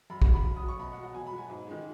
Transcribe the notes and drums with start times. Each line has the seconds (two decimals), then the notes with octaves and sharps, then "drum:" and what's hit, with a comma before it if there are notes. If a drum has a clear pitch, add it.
0.10 F#2 B5
0.22 B5, drum: kick
0.28 F#3
0.33 B5
0.45 F#2
0.56 D#6
0.62 F#3
0.68 C#6
0.79 B2 B5
0.92 F#5
0.97 F#3
1.03 F#5
1.14 B2 G#5
1.27 B5
1.32 F#3
1.38 G#5
1.49 G#2
1.67 D#3 G#3